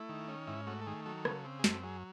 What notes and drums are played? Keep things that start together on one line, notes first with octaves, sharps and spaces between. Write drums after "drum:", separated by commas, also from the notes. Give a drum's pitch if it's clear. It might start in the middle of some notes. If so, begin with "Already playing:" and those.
Already playing: A3 E4
D#3
C#4
G#2 E4
A3 F#4
A4
D#3 G#4
F#3 A4
C#3, drum: rim click
C4
G#4
F#2 A4, drum: snare
F#3 G#4